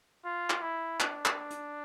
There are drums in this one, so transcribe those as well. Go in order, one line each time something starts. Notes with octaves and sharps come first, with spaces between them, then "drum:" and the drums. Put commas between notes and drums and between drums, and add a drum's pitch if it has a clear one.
F4
drum: clap
E4
D4, drum: clap
drum: clap
drum: hi-hat